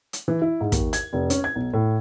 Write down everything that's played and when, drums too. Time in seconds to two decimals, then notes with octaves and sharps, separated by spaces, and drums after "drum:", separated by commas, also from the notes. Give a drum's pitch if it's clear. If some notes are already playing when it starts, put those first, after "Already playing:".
0.13 drum: hi-hat
0.28 E3
0.42 E4
0.61 G#2
0.72 D#2, drum: kick, hi-hat
0.93 G#6, drum: hi-hat
1.13 F1
1.30 C#4, drum: hi-hat
1.44 G#6
1.55 B1
1.73 A2